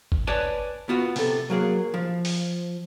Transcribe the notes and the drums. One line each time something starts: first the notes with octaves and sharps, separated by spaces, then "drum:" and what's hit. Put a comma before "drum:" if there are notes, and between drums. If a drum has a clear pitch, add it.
drum: kick G1
B4 C#5 D5 G#5 A5
B3 F4 F#4
C3 A4, drum: open hi-hat
F#3 A#3 G#4
F3
drum: open hi-hat